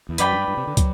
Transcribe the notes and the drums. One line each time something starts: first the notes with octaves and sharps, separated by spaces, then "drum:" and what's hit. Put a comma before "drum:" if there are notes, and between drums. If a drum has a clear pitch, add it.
E2
F#2 B4 D5 G5 B5, drum: hi-hat
G2
G2
C3
D3
F#3, drum: kick, hi-hat